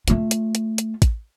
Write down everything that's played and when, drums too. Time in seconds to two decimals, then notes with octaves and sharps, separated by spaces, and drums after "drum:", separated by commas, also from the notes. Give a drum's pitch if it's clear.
0.08 A3 F4, drum: hi-hat
0.31 drum: hi-hat
0.55 drum: hi-hat
0.78 drum: hi-hat
1.02 drum: kick, hi-hat